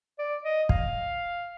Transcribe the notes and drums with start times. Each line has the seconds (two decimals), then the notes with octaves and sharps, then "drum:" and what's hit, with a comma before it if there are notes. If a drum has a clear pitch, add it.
0.19 D5
0.44 D#5
0.69 F5, drum: kick